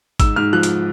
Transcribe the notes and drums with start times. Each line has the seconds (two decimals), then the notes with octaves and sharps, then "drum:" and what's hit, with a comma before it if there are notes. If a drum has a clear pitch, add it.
0.20 G#2 E6, drum: kick, hi-hat
0.36 G#2 F6
0.53 F3 F#6
0.63 drum: hi-hat